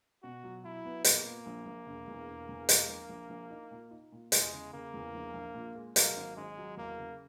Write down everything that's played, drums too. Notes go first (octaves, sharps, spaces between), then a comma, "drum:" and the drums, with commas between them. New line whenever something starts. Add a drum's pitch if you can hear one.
B2 F#4
F#3
F#3 E4
B3
A#2 A#3, drum: hi-hat
A#2
A#1
A#1
E1
E2
E1
E2
G#3, drum: hi-hat
A#1
A#1
A#1
D#4
A#2
D#4
A#2
E2 G#3, drum: hi-hat
C#3
C#3 A#3
E2
A#1
A#1
A#2
G#3
F#3 A#3, drum: hi-hat
G#1
G#1 G#3
F#3
E2 A#3
C#3